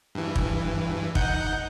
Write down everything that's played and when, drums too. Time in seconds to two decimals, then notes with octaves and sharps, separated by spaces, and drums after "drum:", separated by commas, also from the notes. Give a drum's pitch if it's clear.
0.15 G2 E3
0.36 drum: kick
1.15 D#4 F#5 G6, drum: kick